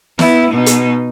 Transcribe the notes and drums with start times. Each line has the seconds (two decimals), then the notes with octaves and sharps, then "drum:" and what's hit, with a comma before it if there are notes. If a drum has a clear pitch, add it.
0.19 B3 E4, drum: snare
0.51 B2 D#4
0.66 drum: hi-hat